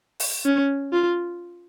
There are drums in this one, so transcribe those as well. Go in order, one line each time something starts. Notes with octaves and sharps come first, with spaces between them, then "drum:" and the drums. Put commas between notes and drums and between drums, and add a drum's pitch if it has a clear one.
drum: open hi-hat
C#4
F4